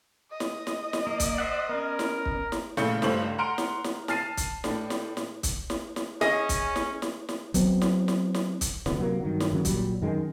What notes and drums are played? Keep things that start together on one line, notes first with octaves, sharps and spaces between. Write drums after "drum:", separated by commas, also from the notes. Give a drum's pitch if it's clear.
D#5
drum: snare
drum: snare
drum: snare
A#3
drum: kick, hi-hat
C5 E5 F#5
B3 C#4 A#4
drum: snare
drum: kick
drum: snare
A#1 C#3 A3 G6 C#7, drum: snare
C#2 G2 A3 C5 C#5 F#7, drum: snare
F#5 A#5 C6 F6 D7
drum: snare
drum: snare
A5 F6 A6 C7 D#7, drum: snare
drum: kick, hi-hat
A2 D4, drum: snare
drum: snare
drum: snare
drum: kick, hi-hat
drum: snare
drum: snare
C#4 G#4 D#5, drum: snare
drum: kick, hi-hat
drum: snare
drum: snare
drum: snare
F#3 B3 C4, drum: kick, hi-hat
drum: snare
drum: snare
drum: snare
drum: kick, hi-hat
F1 D2 B3, drum: snare
C3 F#3 A#3
G2 D#3 F#3
drum: snare
G#1 C#3 F#3 A#3
A#2 F#3 G3, drum: kick, hi-hat
F#2 D#3 G#3